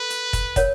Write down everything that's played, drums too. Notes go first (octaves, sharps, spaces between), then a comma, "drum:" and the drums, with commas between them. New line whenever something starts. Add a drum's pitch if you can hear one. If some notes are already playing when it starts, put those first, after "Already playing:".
Already playing: A4 B4
drum: hi-hat
drum: kick, hi-hat
A#4 C#5 F#5, drum: kick, hi-hat